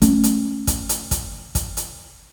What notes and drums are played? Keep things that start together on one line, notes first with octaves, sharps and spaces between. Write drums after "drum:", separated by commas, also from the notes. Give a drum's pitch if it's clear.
A3 C#4, drum: kick, hi-hat
drum: hi-hat
drum: kick, hi-hat
drum: hi-hat
drum: kick, hi-hat
drum: kick, hi-hat
drum: hi-hat